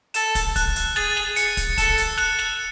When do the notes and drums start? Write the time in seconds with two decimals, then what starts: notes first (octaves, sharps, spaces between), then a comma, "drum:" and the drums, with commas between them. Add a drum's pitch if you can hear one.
0.14 A4 E7, drum: hi-hat
0.35 drum: kick, hi-hat
0.56 F#6, drum: kick, hi-hat
0.76 drum: hi-hat
0.96 G#4 A6, drum: snare
1.16 drum: snare
1.36 C#7, drum: hi-hat
1.57 drum: kick, hi-hat
1.78 A4 E7, drum: kick, hi-hat
1.98 drum: hi-hat
2.18 F#6, drum: snare
2.38 drum: snare